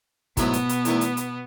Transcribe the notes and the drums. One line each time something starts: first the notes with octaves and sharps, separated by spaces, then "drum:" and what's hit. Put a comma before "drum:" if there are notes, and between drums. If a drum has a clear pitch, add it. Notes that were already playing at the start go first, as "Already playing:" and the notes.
G#2 B2 F#3 A3 B3 E4, drum: kick, hi-hat
drum: hi-hat
drum: hi-hat
E2 D#3 A3, drum: hi-hat
drum: hi-hat
drum: hi-hat